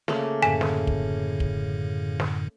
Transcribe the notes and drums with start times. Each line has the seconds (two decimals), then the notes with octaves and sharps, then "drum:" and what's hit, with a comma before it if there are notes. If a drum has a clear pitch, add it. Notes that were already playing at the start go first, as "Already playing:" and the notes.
0.08 C#3 A3 A#3, drum: snare
0.42 F#2 A2 D3 G#5 B6 E7
0.61 drum: snare
0.87 drum: kick
1.40 drum: kick
2.20 drum: snare